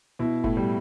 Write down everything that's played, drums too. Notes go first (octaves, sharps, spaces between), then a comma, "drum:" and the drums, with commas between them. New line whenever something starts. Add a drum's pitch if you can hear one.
B2 E4
A2, drum: kick F1
G3